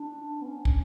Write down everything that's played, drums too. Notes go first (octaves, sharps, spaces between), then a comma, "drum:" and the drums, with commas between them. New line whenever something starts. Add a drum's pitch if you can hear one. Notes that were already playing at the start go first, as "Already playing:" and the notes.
Already playing: D4
B3
C#4
drum: kick